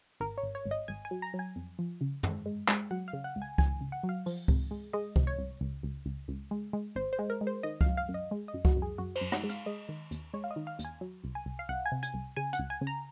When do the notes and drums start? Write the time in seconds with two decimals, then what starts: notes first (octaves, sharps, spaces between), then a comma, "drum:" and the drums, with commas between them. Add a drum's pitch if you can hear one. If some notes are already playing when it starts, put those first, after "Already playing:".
0.20 G#1 A#4
0.38 C#5
0.43 G#1
0.55 C#5
0.66 G#1
0.71 D#5
0.88 G#1 G#5
1.05 G#5
1.11 F#3
1.22 A#5
1.34 F#3
1.39 G#5
1.56 F2
1.79 F3
2.01 C#3
2.23 G#3, drum: tom
2.46 G#3
2.68 G#3, drum: clap
2.91 F#3 F#5
3.08 F5
3.13 C#3
3.24 F#5
3.36 C#2
3.42 G#5
3.58 C#2 G#5, drum: kick C#2
3.81 C#2
3.92 F#5
4.03 F#3
4.09 F5
4.26 F3, drum: open hi-hat
4.48 C3, drum: kick C#2
4.71 G#3
4.93 G#3 D#5
5.16 C3, drum: kick C#2
5.27 C#5
5.38 C2
5.61 C#2
5.83 C#2
6.06 C#2
6.28 C#2
6.51 G#3
6.73 G#3
6.96 G#1 C5
7.13 C5
7.19 G#3
7.30 A#4
7.41 G#3
7.47 C5
7.63 D#3 D#5
7.81 F5, drum: kick C#2
7.86 F#2
7.97 F5
8.09 F#2
8.14 D#5
8.31 G#3
8.48 D#5
8.54 F#2
8.65 F#4, drum: kick C#2
8.76 F#2
8.82 G#4
8.98 F#2 F#4
9.16 C5, drum: cymbal
9.21 F#2
9.32 F#5, drum: rim click
9.44 G#3
9.49 F5, drum: hi-hat
9.66 G#3 D#5
9.89 D#3
10.11 D#2, drum: hi-hat
10.34 G#3 C#5
10.44 F5
10.51 D#5
10.56 D#3
10.67 F5
10.79 D#2, drum: hi-hat
10.85 G#5
11.01 F#3
11.24 C2
11.35 G#5
11.46 C2
11.59 F5
11.69 C2 F#5
11.85 G#5
11.92 C3
12.03 G#5, drum: hi-hat
12.14 C2
12.36 C#3 G#5
12.53 F#5, drum: hi-hat
12.59 C#2
12.70 G#5
12.81 C#3
12.87 A#5